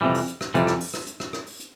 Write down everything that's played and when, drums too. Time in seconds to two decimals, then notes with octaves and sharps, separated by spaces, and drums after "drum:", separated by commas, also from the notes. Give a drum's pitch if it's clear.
0.01 F2 C3 E3 G3
0.14 drum: open hi-hat
0.28 drum: hi-hat
0.41 drum: rim click
0.54 F2 C3 E3 G3, drum: hi-hat
0.67 drum: rim click
0.80 drum: open hi-hat
0.94 drum: rim click
1.07 drum: hi-hat
1.20 drum: rim click
1.33 drum: rim click
1.46 drum: open hi-hat
1.60 drum: hi-hat